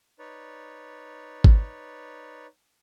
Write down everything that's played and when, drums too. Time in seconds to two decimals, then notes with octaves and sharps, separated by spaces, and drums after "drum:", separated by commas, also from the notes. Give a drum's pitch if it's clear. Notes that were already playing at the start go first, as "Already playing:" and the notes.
0.19 D#4 B4 C#5 D5
1.44 drum: kick G#1